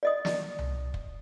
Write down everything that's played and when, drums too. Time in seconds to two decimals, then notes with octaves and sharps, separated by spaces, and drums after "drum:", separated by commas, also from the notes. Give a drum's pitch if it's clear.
0.03 D5 D#5 D#6
0.25 drum: snare
0.59 drum: tom C2
0.94 drum: kick